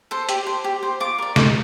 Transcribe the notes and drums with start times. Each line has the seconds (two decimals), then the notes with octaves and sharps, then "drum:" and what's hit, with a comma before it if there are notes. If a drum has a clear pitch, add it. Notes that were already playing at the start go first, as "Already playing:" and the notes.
0.11 A4 C5
0.29 G4, drum: hi-hat
0.47 C5
0.64 G4
0.83 C5
1.00 F4 D6
1.18 A#4 D5
1.36 F4 D6, drum: snare